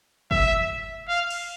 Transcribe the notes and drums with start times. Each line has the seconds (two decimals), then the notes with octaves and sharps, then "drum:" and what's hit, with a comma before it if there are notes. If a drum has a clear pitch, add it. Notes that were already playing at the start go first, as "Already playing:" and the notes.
0.31 E5, drum: kick
1.08 F5
1.30 drum: cymbal